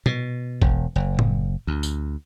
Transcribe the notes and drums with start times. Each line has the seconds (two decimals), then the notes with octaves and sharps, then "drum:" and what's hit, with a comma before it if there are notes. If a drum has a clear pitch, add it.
0.06 B2, drum: tom
0.62 E1, drum: kick A1
0.96 F#1
1.19 drum: tom A2
1.67 D2
1.83 drum: tambourine